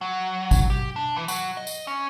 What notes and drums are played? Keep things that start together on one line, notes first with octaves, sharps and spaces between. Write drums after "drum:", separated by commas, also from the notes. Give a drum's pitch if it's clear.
F#3
drum: kick G#1, tambourine
G4
D4
E3
F#3, drum: tambourine
D#5
drum: tambourine
C#4